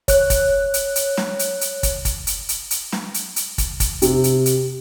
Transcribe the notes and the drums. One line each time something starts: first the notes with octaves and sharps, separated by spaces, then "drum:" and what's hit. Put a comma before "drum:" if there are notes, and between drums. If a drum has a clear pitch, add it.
C#5 F#6, drum: kick, hi-hat
drum: kick, hi-hat
drum: hi-hat
drum: hi-hat
drum: snare
drum: hi-hat
drum: hi-hat
drum: kick, hi-hat
drum: kick, hi-hat
drum: hi-hat
drum: hi-hat
drum: hi-hat
drum: snare
drum: hi-hat
drum: hi-hat
drum: kick, hi-hat
drum: kick, hi-hat
C3, drum: hi-hat
drum: hi-hat
drum: hi-hat